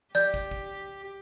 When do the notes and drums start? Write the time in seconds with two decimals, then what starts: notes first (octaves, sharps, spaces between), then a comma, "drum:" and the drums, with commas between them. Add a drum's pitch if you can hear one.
0.15 G4 D5 G6, drum: snare
0.34 drum: kick
0.51 drum: kick